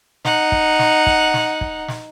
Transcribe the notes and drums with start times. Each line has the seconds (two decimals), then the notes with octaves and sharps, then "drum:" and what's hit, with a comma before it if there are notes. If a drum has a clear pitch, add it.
0.25 D#4 F#5, drum: snare
0.52 drum: kick
0.79 drum: snare
1.07 drum: kick
1.34 drum: snare
1.61 drum: kick
1.88 drum: snare